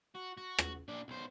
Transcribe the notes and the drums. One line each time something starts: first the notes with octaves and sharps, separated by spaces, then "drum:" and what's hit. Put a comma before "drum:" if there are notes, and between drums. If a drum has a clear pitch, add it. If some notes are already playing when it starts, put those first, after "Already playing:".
F#4
F#4
drum: rim click
A#2 D4
B1 C5